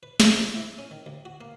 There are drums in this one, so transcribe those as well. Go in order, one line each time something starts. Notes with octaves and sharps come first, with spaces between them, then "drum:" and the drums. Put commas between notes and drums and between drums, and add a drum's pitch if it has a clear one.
B4
A3, drum: snare
F3
E4
C#4
D#3
D2
F#4
A#3